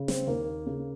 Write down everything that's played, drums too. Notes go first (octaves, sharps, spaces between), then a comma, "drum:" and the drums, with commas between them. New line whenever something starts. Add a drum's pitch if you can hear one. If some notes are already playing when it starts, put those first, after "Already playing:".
Already playing: C#3
C4, drum: snare
D#2 A#3
C#3